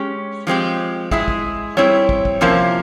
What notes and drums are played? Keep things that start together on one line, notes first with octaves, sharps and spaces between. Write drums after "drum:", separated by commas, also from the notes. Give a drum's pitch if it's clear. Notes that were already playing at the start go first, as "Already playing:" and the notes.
Already playing: G#3 C#4 G4
F3 G#3 C4 G4
G#3 E4 G#4 E5, drum: kick
drum: kick
G3 C4 E4 C#5
drum: kick
drum: kick
C3 F3 A#3 C#4 E4 C5